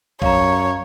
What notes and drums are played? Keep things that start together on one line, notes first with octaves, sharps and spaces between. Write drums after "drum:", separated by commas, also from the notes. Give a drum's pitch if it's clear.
F#2 C#5 F5 A#5, drum: kick A#1